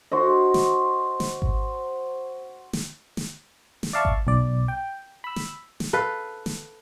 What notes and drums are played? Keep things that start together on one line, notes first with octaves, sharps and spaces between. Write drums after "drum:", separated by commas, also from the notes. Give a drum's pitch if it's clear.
F#4 C5 D#5
drum: snare
drum: snare
drum: kick G#1
drum: snare
drum: snare
drum: snare
D5 E5 F5 A5 C#6
drum: kick G#1
B1 D5
G5
B5 E6
drum: snare
drum: snare
A4 B4 F5
drum: snare